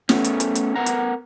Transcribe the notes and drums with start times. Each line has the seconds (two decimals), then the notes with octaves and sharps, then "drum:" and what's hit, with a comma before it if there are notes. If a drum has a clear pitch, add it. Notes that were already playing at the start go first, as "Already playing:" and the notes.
0.09 A3 B3 C#4, drum: snare
0.24 drum: hi-hat
0.40 drum: hi-hat
0.55 drum: hi-hat
0.76 B3 A#4 F#5 A#5
0.86 drum: hi-hat